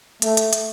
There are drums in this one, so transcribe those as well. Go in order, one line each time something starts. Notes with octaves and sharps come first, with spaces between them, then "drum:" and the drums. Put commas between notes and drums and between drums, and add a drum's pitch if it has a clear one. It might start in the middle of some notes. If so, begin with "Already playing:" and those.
A3, drum: hi-hat
drum: hi-hat
drum: hi-hat